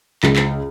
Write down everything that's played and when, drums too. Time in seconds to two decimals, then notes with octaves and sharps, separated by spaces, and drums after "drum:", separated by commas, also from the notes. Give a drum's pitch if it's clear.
0.23 C#2, drum: clap
0.36 drum: clap